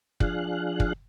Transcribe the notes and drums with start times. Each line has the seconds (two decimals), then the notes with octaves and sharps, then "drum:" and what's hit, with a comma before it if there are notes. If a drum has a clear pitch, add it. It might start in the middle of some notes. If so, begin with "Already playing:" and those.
0.20 F3 D4 G#4 F5 F#6, drum: kick
0.80 drum: kick